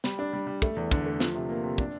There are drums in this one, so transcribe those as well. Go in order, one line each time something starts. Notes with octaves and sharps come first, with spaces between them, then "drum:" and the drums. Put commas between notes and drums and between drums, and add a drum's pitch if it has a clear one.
G3, drum: snare
D4
G3
G3
A3, drum: kick
E2
D3, drum: kick
A3
F3, drum: snare
C3
A#3
C3
D4, drum: kick